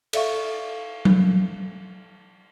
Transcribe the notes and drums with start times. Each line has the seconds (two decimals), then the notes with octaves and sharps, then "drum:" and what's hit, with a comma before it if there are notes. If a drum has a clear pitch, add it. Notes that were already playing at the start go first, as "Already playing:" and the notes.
0.13 A4 D5 E5 F5 C#6, drum: cymbal
1.05 drum: tom F#3